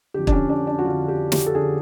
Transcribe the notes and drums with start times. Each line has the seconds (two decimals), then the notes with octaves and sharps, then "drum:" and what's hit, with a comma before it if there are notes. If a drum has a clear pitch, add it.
0.14 F2 D3 G4
0.27 D4, drum: kick
0.32 C#4
0.49 D4
0.67 D4
0.79 F#4
0.85 F2 D3 F4
1.08 G4
1.32 G4, drum: snare
1.46 A4
1.55 D3 G#4